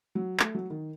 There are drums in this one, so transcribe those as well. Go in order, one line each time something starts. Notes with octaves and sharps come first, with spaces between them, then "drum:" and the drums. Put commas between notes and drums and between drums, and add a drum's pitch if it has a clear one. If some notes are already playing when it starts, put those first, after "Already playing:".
F#3
A3, drum: clap
F#3
D#3